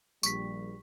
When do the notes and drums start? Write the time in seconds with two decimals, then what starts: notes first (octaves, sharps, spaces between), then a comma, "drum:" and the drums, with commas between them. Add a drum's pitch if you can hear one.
0.23 A#1 G3 C#6 B6, drum: tambourine